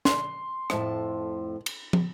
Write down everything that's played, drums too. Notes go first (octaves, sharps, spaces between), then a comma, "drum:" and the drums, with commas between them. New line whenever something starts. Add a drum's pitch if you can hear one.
C6, drum: snare
F2 A2 A5, drum: rim click
drum: cymbal
drum: tom